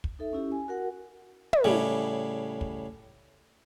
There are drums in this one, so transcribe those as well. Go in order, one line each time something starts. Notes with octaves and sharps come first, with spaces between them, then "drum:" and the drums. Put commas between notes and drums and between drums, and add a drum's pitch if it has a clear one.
drum: kick
D#4 A4 E5
C#4 E4 G4
G#5
F#4 A#4 F#5
drum: tom
A2 C#3 G3
drum: kick